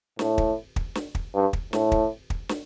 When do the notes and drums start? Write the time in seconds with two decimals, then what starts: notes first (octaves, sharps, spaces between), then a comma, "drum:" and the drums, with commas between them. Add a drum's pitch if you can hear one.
0.19 A2, drum: snare
0.38 drum: kick
0.76 drum: kick
0.95 drum: snare
1.15 drum: kick
1.34 G2
1.53 drum: kick
1.73 A2, drum: snare
1.92 drum: kick
2.30 drum: kick
2.49 drum: snare